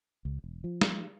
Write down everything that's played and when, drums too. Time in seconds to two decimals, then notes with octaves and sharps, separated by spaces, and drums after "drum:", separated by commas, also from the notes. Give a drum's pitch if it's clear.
0.25 C#2
0.44 E1
0.64 F3
0.81 drum: snare